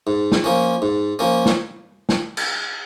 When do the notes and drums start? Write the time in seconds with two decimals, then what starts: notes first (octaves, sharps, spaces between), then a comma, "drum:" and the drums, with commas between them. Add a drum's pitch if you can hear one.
0.07 G#2
0.32 drum: snare
0.44 F3 A#3 C#4
0.82 G#2
1.19 F3 A#3 C#4
1.46 drum: snare
2.09 drum: snare
2.37 drum: cymbal